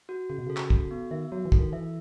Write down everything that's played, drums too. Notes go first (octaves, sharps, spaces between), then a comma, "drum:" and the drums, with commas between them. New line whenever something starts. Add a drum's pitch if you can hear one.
F#4
C#3 F#4
B2
C#3 A4
drum: clap
F#4, drum: kick
B3
D#3 E5
F#3 F#4
E3
A4, drum: kick
D#3
E3 E5